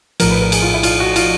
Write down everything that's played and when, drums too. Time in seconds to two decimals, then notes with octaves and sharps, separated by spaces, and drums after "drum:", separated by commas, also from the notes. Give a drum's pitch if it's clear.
0.20 A#1 A2 F3 A#4, drum: cymbal
0.31 B4
0.42 A#4
0.52 G#4, drum: cymbal
0.62 F4
0.74 E4
0.83 F4, drum: cymbal
1.00 F#4
1.16 F4, drum: cymbal